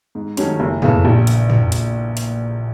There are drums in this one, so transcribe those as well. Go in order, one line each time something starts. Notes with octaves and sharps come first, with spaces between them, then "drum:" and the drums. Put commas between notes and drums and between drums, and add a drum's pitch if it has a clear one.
G#2
D#3 F#3 A3 C#4, drum: hi-hat
F#1
E2 C#3 E3 A3, drum: tom
A#1
drum: hi-hat
drum: tom
drum: hi-hat
drum: hi-hat